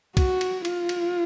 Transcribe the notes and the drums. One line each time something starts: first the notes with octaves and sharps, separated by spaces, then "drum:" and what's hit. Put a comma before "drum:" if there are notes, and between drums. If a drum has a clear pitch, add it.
F#4, drum: kick, cymbal
drum: cymbal
F4, drum: cymbal
drum: cymbal